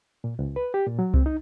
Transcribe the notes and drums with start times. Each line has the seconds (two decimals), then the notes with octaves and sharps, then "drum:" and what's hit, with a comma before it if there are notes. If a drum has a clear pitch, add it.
0.24 A#2
0.39 C#2
0.56 B4
0.74 G4
0.87 A#2
0.99 F#3
1.14 C4, drum: kick C2
1.26 D#4